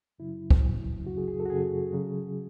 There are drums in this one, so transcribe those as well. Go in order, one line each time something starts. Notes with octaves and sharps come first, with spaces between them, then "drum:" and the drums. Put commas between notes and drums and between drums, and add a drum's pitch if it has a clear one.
F#2 C#3 F#3 E4
drum: kick
F#2 C#3 F#3
F#2 C#3 F#3 F#4
G#4
G#4
A4
F#4
F#2 C#3 F#3 G#4
C#3 F#3